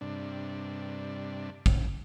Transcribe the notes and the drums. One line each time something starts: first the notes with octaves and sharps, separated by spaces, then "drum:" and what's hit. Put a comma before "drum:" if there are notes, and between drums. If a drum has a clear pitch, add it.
G2 C3 D4
drum: kick